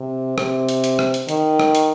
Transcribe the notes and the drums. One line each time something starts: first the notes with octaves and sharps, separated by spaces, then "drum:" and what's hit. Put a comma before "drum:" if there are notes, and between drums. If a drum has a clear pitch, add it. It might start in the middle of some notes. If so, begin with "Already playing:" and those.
Already playing: C3
C3, drum: rim click
drum: hi-hat
drum: hi-hat
drum: rim click
drum: hi-hat
D#3, drum: hi-hat
drum: rim click
drum: hi-hat